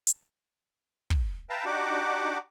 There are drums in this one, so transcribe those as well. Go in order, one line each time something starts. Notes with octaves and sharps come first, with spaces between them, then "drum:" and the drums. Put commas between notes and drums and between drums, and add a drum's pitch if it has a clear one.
drum: hi-hat
drum: kick
B4 E5 F5 G5 A5 A#5
D4 D#4 F#4 G4 F#5 D6